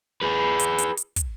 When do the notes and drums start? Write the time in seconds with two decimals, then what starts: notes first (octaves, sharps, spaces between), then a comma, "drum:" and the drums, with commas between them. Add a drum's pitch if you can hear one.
0.22 G#4 B4
0.59 drum: hi-hat
0.78 drum: hi-hat
0.97 drum: hi-hat
1.16 drum: kick, hi-hat